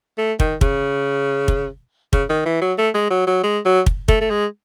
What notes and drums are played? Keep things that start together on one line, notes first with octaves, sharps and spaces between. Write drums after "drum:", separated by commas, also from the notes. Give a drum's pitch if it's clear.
A3
D#3, drum: kick
C#3, drum: kick
drum: kick
C#3, drum: kick
D#3
E3
F#3
A3
G#3
F#3
F#3
G#3
F#3
drum: kick
A3, drum: kick
A3
G#3